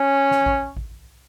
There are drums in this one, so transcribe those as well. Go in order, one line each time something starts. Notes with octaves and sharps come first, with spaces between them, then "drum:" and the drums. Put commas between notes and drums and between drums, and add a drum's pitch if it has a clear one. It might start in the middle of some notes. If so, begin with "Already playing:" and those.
Already playing: C#4
drum: snare
drum: kick A1
drum: kick A1